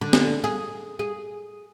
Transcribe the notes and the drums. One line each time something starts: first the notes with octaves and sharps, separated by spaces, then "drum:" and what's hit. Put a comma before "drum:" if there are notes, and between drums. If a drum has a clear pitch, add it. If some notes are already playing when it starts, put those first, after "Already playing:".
D3
drum: snare
G#4
G#4